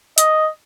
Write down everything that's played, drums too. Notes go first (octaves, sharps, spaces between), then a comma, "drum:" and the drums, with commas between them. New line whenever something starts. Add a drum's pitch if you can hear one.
D#5, drum: hi-hat